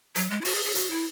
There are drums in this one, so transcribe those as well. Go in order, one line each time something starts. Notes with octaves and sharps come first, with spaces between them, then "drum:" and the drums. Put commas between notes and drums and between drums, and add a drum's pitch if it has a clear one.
F#3, drum: hi-hat
G#3
E4
F#4, drum: open hi-hat
G#4
G#4
F#4, drum: hi-hat
E4